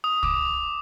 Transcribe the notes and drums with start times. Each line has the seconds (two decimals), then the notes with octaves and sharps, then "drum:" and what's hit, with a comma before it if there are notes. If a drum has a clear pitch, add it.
0.04 D#6
0.23 D6, drum: kick